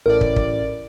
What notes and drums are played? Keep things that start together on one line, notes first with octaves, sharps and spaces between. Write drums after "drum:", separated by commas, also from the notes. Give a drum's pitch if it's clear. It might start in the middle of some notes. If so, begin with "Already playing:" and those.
A1 A2 A#4 D5
drum: kick
drum: kick